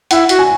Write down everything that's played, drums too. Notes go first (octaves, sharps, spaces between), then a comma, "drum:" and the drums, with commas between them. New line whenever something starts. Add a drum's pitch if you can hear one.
E4 F#5, drum: hi-hat
F#4, drum: hi-hat
G#5